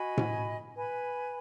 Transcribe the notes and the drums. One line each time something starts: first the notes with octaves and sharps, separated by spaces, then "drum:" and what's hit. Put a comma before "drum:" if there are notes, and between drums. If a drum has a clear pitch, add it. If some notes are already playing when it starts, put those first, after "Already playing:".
Already playing: F#4 D#5 G#5 B5
drum: tom A2
B4 G#5 B5